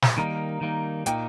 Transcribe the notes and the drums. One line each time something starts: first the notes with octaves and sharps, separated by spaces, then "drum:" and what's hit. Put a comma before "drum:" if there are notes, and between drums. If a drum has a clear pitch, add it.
drum: snare
D#3 G3 A#3 D#4 A#5
D#3 G3 A#3 D#4
A#2 A#3 D#4 G5, drum: hi-hat